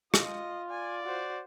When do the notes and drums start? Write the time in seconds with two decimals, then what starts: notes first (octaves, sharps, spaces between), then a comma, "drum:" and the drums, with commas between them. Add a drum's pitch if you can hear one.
0.14 F4 D#5, drum: rim click
0.70 D5 G#5
1.03 F#4 C5